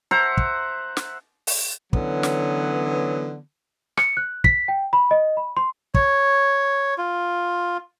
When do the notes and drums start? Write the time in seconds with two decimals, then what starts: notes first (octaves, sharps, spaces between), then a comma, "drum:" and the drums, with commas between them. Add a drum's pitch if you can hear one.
0.11 C5 E5 F#5 A#5
0.37 drum: kick
0.97 drum: snare
1.47 drum: open hi-hat
1.93 D3 E3 F#3 B3 C#4, drum: kick
2.23 drum: snare
3.97 C#7, drum: rim click
4.17 F#6
4.44 B6, drum: kick
4.68 G5
4.93 B5
5.11 D#5
5.37 B5
5.57 C6
5.94 C#5, drum: kick
6.98 F4